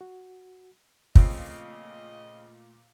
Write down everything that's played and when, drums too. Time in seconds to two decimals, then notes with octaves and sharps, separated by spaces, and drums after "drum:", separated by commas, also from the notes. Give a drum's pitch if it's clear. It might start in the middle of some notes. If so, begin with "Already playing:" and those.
0.01 F#4
1.15 A#2 C#3 F3 A3 C4 D#5, drum: kick